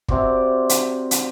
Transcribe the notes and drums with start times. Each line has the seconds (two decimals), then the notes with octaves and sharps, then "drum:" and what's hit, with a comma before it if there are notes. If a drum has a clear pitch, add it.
0.08 C3 C4 F#4 D5, drum: kick
0.69 drum: hi-hat
1.11 drum: hi-hat